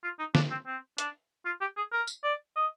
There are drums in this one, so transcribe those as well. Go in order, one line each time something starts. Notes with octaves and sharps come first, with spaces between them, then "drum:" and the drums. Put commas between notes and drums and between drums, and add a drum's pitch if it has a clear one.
F4
D#4
D4, drum: snare
C4
C4
D4, drum: hi-hat
F4
G4
G#4
A#4
drum: tambourine
D5
D#5